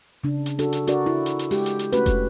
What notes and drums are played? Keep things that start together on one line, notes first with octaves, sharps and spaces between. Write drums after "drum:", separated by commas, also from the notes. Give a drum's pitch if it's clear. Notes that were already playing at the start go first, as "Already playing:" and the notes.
C#3 D4
drum: hi-hat
D4 F#4 A4, drum: hi-hat
drum: hi-hat
D4 F#4 A#4 D5, drum: hi-hat
E4
drum: hi-hat
drum: hi-hat
G#3 G4, drum: open hi-hat
drum: hi-hat
drum: hi-hat
A3 C#4 F#4 B4, drum: hi-hat
drum: kick F1, hi-hat